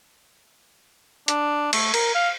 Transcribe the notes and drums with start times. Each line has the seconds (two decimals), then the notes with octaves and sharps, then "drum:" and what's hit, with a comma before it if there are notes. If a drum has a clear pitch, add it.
1.28 D4, drum: hi-hat
1.73 A3, drum: cymbal
1.94 A#4, drum: cymbal
2.15 F5